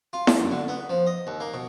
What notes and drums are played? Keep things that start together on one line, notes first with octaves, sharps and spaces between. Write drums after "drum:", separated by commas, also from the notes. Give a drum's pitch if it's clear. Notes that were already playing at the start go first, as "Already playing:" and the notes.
F4
G#2, drum: snare E4
F#2
D3
B3
F3
D#5
D#2
A#3
B2